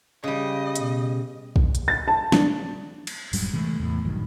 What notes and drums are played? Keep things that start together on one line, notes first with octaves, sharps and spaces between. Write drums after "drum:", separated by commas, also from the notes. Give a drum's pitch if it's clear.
C#3 G3 D#5
B2, drum: hi-hat
drum: kick
drum: hi-hat
A6
A5
D4, drum: snare
drum: cymbal
E1 G#2 F#3 G3, drum: open hi-hat
C3 E3 G#3 A3
E2 A2
A#1 G2 D#3 F#3